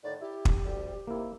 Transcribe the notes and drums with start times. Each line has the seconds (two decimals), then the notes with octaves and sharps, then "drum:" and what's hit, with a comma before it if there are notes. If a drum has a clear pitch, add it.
0.03 A2 D3 D#3 D5
0.21 E4 G4
0.45 drum: kick
0.65 D2 G3
1.07 C3 D#3 A#3 E4